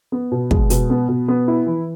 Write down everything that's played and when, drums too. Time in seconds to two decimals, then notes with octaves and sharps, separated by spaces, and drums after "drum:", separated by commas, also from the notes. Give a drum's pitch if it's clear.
0.12 B3
0.32 B2
0.51 G#3, drum: kick
0.70 B2, drum: hi-hat
0.90 B3
1.09 B2
1.28 B3
1.48 E4
1.66 E3